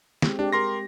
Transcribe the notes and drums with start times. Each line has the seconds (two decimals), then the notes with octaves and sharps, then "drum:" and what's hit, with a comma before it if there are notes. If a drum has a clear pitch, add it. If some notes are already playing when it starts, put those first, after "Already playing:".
0.22 G#3 C4 G4, drum: snare
0.39 G#3 D4 G4
0.53 A#4 C6 A#6